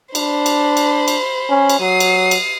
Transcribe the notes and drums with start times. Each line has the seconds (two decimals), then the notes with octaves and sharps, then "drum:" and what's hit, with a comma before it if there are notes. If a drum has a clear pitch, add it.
0.15 D4 C5 B5, drum: cymbal
0.46 drum: cymbal
0.77 drum: cymbal
1.08 drum: cymbal
1.49 C#4
1.70 drum: cymbal
1.79 F#3 D#6 C7
2.00 drum: cymbal
2.31 drum: cymbal